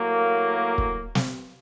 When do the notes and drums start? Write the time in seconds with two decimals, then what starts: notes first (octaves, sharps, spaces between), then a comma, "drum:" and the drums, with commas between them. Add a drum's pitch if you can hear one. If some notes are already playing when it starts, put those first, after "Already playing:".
Already playing: A2 F#3 A#3
0.78 drum: kick
1.15 drum: snare